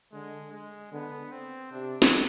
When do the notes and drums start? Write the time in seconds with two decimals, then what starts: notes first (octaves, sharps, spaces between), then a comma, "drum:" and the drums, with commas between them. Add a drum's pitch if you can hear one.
0.13 D3 G#3
0.53 G#3
0.92 D3 B3
1.32 C4
1.71 C3 D4
2.02 drum: snare